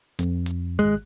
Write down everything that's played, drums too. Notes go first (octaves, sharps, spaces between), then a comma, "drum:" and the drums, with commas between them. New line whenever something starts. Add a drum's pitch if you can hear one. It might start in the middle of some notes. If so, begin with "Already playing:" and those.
F2, drum: hi-hat
drum: hi-hat
G#1 G#3 F#6